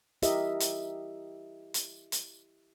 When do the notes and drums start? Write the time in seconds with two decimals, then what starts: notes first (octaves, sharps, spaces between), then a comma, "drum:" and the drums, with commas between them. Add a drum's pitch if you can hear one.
0.22 E4 G4 A#4 D#5 E5, drum: hi-hat
0.60 drum: hi-hat
1.74 drum: hi-hat
2.12 drum: hi-hat